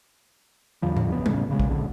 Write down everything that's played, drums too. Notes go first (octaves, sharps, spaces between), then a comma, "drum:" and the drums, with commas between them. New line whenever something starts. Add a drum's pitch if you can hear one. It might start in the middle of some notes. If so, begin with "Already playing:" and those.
E2 D3 F3 G3
drum: tom A2
G1 C#2 B3
A1 C#3, drum: tom G3
A#2 C#3 F#3 G#3
drum: kick A#1
A#1 B2 D3